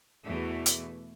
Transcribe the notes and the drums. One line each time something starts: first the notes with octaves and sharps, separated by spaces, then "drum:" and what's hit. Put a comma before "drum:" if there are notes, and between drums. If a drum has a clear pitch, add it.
E2 B2 E3 A3
drum: hi-hat